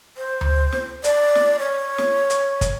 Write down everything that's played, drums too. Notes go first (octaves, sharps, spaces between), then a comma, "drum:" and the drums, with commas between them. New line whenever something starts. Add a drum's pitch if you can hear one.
C5
drum: tom D2
drum: snare
D5, drum: hi-hat
drum: snare
C#5
drum: snare
drum: hi-hat
drum: kick, hi-hat